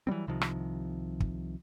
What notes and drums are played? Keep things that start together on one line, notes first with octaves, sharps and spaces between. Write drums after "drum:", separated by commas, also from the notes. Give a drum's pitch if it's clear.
E3 F#3 G3 C4
C2 C3 D#3 F3
drum: rim click
drum: kick